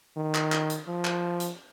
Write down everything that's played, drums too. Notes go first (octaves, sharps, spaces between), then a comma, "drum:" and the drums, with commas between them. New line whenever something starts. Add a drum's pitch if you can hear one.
D#3
drum: clap
drum: clap
drum: hi-hat
F3
drum: clap
drum: hi-hat